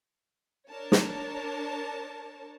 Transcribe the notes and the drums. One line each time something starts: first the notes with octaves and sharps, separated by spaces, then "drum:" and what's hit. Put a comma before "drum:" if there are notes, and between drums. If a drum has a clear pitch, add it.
D4 A#4 C#5 A5
drum: snare